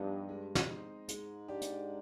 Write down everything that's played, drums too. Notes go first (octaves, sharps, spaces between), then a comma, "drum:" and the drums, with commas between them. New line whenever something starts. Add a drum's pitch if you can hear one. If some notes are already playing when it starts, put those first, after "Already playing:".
Already playing: G2 F3 B3 D#4
G#3
drum: snare
C4 D#4
G#2 G#3, drum: hi-hat
D4 G4 D5
drum: hi-hat